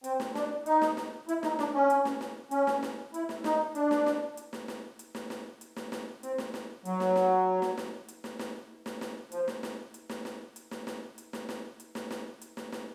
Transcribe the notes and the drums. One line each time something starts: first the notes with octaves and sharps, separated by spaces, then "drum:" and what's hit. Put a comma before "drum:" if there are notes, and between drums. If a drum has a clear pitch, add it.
C4, drum: hi-hat
drum: snare
D4, drum: snare
D#4, drum: hi-hat
drum: snare
drum: snare
E4, drum: hi-hat
D#4, drum: snare
D4, drum: snare
C#4
drum: hi-hat
drum: snare
drum: snare
C#4, drum: hi-hat
drum: snare
drum: snare
E4, drum: hi-hat
drum: snare
D#4, drum: snare
D4, drum: hi-hat
drum: snare
drum: snare
drum: hi-hat
drum: snare
drum: snare
drum: hi-hat
drum: snare
drum: snare
drum: hi-hat
drum: snare
drum: snare
C4, drum: hi-hat
drum: snare
drum: snare
F#3, drum: hi-hat
drum: snare
drum: snare
drum: snare
drum: snare
drum: hi-hat
drum: snare
drum: snare
drum: snare
drum: snare
F3, drum: hi-hat
drum: snare
drum: snare
drum: hi-hat
drum: snare
drum: snare
drum: hi-hat
drum: snare
drum: snare
drum: hi-hat
drum: snare
drum: snare
drum: hi-hat
drum: snare
drum: snare
drum: hi-hat
drum: snare
drum: snare